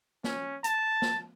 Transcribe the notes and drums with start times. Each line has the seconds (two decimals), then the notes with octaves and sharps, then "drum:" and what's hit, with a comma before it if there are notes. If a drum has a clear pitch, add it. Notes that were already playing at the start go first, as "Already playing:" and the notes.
0.24 C#4, drum: snare
0.64 A5, drum: hi-hat
1.02 drum: snare